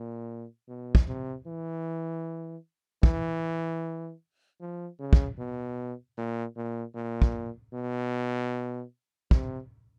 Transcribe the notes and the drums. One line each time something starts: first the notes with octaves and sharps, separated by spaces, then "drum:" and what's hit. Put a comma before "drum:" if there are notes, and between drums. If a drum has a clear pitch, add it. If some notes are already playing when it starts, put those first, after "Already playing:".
Already playing: A#2
B2
drum: kick
C3
E3
E3, drum: kick
F3
C#3
drum: kick
B2
A#2
A#2
A#2
drum: kick
B2
C3, drum: kick